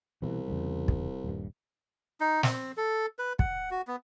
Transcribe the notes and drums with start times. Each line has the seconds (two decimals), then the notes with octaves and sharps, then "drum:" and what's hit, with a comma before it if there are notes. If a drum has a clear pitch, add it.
0.22 C2 B2 E3
0.48 E2 C#3 G3
0.88 drum: kick
1.24 D#1 G2
2.20 D#4
2.43 C4, drum: snare
2.77 A4
3.19 B4
3.39 F#5, drum: kick
3.71 F#4
3.88 B3